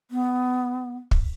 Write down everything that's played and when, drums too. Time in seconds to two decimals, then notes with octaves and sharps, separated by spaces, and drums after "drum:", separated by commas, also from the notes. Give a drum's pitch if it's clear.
0.11 B3
1.11 drum: kick